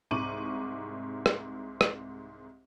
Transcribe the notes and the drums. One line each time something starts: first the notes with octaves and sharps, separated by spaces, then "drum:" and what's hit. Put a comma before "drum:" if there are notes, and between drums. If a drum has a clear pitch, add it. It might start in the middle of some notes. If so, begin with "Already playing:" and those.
C2 G#2 C#6 D6 D#7 F#7
drum: rim click
drum: rim click